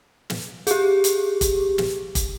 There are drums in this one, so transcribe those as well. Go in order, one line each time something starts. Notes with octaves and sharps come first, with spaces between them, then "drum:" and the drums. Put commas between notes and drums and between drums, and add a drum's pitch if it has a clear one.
drum: snare
G4 G#4, drum: hi-hat
drum: hi-hat
drum: kick, hi-hat
drum: snare
drum: kick, hi-hat